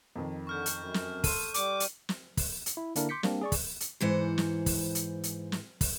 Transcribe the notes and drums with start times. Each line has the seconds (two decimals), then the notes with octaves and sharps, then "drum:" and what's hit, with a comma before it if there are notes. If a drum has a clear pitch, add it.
0.16 F2 D#3
0.47 D3 C#6 F6 G6
0.66 drum: hi-hat
0.76 F#2
0.94 drum: snare
1.24 A4 C6 D#7, drum: kick, open hi-hat
1.54 G3 D6, drum: hi-hat
1.80 drum: hi-hat
2.09 drum: snare
2.37 drum: kick, open hi-hat
2.66 drum: hi-hat
2.77 E4
2.96 D3 A#3 D4 E4 A#4, drum: hi-hat
3.09 C6 D6 G6 B6 C#7
3.23 G3 A#3 C4 D4, drum: snare
3.41 G#4 D5 C#6
3.52 drum: kick, open hi-hat
3.80 drum: hi-hat
4.01 G#2 E3 C5 F#5
4.38 drum: snare
4.66 drum: kick, open hi-hat
4.95 drum: hi-hat
5.23 drum: hi-hat
5.52 drum: snare
5.81 drum: kick, open hi-hat